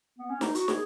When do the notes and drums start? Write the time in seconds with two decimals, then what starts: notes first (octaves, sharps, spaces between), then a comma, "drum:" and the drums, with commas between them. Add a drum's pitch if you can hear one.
0.19 B3
0.30 C#4
0.41 D#4, drum: snare
0.55 F#4, drum: hi-hat
0.68 G#4, drum: snare